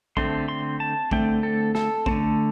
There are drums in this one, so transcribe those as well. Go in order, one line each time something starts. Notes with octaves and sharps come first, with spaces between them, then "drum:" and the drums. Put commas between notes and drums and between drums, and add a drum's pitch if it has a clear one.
D3 A3 C4 C6, drum: kick
C6
A5
D3 A3 C4 G5, drum: kick
A4
A4, drum: snare
D3 A3 C4, drum: kick